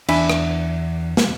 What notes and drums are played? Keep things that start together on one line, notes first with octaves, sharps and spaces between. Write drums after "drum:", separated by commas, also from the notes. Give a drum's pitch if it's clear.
E2 D4 E5 G#5 B5, drum: cymbal
drum: rim click
drum: snare